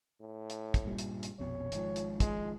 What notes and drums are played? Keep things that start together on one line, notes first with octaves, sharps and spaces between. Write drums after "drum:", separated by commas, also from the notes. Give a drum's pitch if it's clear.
A2
drum: hi-hat
drum: kick, hi-hat
G2 A#2 G3
drum: hi-hat
drum: hi-hat
A#1 F2 B2 C#5
G#1 G#2 F3, drum: hi-hat
drum: hi-hat
G#3, drum: kick, hi-hat